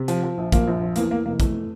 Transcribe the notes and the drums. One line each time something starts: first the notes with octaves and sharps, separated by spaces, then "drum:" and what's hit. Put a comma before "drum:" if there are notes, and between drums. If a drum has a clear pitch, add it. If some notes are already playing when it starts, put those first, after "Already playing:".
Already playing: C3
F3, drum: hi-hat
F3
A#1
F3 A#3, drum: kick, hi-hat
A#1
F3
E2 A#3, drum: hi-hat
E2 A#3
F1 A#3
E2 A3, drum: kick, hi-hat